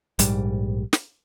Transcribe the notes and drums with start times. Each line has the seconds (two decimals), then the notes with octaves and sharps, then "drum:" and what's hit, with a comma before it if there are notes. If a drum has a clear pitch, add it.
0.19 A#1 G#2 G3, drum: hi-hat
0.93 drum: snare